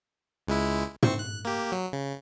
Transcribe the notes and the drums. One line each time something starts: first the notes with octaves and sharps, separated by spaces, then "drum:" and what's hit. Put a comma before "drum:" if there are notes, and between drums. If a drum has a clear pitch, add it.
C#2 G#3 E4
C4 C5 C#6, drum: tom
F#6
A#3 G4
F#3
C#3